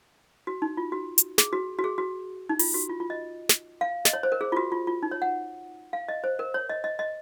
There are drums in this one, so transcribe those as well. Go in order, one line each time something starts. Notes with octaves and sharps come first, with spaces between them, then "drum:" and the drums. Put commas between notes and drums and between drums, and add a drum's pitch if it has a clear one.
F#4
D#4
F4
F#4
drum: hi-hat
G#4, drum: snare
F#4
F#4
G#4
F#4
D#4
F4, drum: open hi-hat
F#4
F4
F4
D#5
drum: snare
F5
D#5, drum: snare
C#5
C5
A#4
G#4
F4
F#4
F4
F4
D#4
C#5
F#5
F5
D#5
C5
A#4
C#5
D#5
D#5
D#5